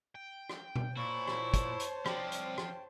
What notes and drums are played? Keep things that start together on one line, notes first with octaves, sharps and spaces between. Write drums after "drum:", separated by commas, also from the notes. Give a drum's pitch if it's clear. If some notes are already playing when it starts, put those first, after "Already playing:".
G5
drum: rim click
drum: tom B2
A#2 E4 C5 C#5 A5 C#6
drum: rim click
drum: kick, hi-hat
drum: hi-hat
F3 C4 D5 G5, drum: rim click
drum: hi-hat
drum: rim click